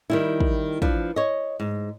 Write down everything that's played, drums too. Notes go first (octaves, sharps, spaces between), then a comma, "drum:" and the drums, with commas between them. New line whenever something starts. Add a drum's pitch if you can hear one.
D#3 G3 E4
drum: kick
F3 D4 B4, drum: kick
C#5 D#5
G#2